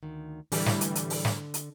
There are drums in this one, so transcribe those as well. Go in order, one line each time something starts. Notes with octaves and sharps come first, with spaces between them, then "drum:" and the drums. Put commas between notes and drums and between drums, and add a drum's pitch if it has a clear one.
D2 D#3
A2 D3 E3 G3, drum: open hi-hat
drum: snare
drum: hi-hat
drum: hi-hat
drum: open hi-hat
drum: snare
drum: hi-hat